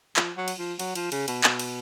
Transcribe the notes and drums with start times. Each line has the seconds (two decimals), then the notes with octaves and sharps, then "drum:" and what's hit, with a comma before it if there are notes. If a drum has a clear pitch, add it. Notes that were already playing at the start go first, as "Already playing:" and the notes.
0.16 F3, drum: clap
0.37 F#3
0.48 drum: cymbal
0.59 F3
0.79 F#3, drum: cymbal
0.95 F3, drum: cymbal
1.12 C#3, drum: cymbal
1.28 B2, drum: cymbal
1.44 B2, drum: clap
1.59 drum: cymbal